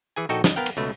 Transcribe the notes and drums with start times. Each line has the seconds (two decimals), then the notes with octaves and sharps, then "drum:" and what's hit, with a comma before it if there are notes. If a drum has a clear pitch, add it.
0.16 E3 G#4 G#5
0.29 A#1 D#4 F#4 A4 D#5 G5
0.44 D#5, drum: snare
0.56 B3 A#4 F5 G5
0.66 drum: cymbal
0.77 C#2 B2 A3